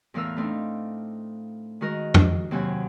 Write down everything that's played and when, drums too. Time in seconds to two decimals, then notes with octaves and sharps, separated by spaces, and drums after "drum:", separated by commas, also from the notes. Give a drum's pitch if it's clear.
0.14 E2 A2 E3 A#4 F5 E6
0.37 A3 C4 D4 D#4
1.81 D#3 G#3 F#4 A#4 D#5
2.14 drum: tom F2
2.51 D#2 C3 F#3 C4 F#5 G#5